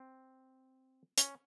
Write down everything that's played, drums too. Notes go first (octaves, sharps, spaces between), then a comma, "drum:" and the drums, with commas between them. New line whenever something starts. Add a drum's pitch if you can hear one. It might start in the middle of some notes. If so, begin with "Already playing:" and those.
Already playing: C4
C#4, drum: hi-hat